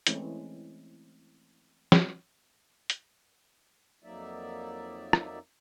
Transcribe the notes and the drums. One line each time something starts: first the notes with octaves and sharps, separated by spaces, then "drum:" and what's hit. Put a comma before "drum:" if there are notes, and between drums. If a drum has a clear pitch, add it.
E3 G#3 A3 C4 C#4 E4, drum: hi-hat
drum: snare
drum: hi-hat
F2 F#3 A#3 D#4 D5 E5
drum: rim click